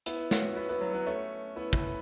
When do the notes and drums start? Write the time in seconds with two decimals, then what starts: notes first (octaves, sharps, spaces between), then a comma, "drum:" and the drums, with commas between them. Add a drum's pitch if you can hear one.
0.06 B3 E4, drum: hi-hat
0.31 C#4 F#4, drum: snare
0.56 B3 E4
0.69 B3 E4
0.81 F#3 B3
0.93 F#3 B3
1.06 A3 C#4
1.56 B3 E4
1.73 B3 E4, drum: kick